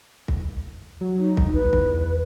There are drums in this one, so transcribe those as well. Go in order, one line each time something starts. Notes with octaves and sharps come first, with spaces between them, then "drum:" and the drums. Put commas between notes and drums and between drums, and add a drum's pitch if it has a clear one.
drum: kick
F#3
D#4
drum: kick
A#1 B4
E2, drum: kick